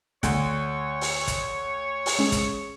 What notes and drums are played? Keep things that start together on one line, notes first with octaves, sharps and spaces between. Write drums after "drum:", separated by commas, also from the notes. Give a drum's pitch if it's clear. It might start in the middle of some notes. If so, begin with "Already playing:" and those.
D2 C#5, drum: kick, hi-hat
drum: open hi-hat
drum: kick, hi-hat
drum: open hi-hat
G#3 C#4 G#4
drum: kick, hi-hat